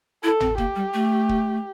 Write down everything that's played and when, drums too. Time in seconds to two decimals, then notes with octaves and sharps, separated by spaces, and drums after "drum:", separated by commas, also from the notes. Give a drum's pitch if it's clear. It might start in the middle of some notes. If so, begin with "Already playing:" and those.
0.23 E4 A4
0.40 C4, drum: tom
0.58 A#3 G4, drum: kick
0.76 G3
0.94 A3
1.29 drum: kick